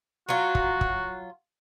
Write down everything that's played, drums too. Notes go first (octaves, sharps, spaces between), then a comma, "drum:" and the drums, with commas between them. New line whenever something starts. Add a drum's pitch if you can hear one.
F#3 F4 F#4
drum: kick
drum: kick